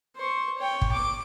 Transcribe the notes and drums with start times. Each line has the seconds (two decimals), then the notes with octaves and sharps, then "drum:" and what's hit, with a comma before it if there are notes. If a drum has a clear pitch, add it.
0.16 C5 C#6
0.58 C#5 G5
0.82 drum: kick G#1
0.92 D6